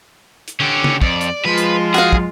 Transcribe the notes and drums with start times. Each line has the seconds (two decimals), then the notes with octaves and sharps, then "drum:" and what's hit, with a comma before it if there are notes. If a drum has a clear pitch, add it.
0.48 drum: hi-hat
0.60 D3 C#4 G4
0.84 drum: tom
1.02 F2 D5, drum: kick
1.21 drum: hi-hat
1.45 F3 G#3 F4 B4
1.58 drum: hi-hat
1.94 F#4 G#4 F5, drum: hi-hat
2.13 drum: kick